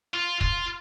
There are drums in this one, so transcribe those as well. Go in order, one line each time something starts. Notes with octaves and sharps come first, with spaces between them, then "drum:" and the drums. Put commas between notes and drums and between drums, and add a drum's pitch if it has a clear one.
F4
F4, drum: kick